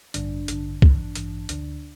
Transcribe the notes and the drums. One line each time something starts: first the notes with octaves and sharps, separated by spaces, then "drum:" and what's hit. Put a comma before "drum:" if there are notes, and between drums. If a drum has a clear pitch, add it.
A1 G2 D3 D4, drum: hi-hat
A1 G2 D3, drum: hi-hat
A1 G2 E3, drum: kick C2
A1 G2 E3, drum: hi-hat
D2 D3 D4, drum: hi-hat